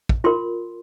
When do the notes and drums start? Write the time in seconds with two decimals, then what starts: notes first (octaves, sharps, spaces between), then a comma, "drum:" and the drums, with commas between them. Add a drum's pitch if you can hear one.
0.09 drum: kick
0.24 F4 A#4 C6